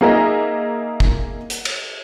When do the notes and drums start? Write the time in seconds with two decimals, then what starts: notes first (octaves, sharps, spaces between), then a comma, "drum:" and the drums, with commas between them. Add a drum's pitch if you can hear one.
0.01 A#3 D#4 G#4 A#4 D#5 E5
1.00 drum: kick
1.50 drum: hi-hat
1.65 drum: cymbal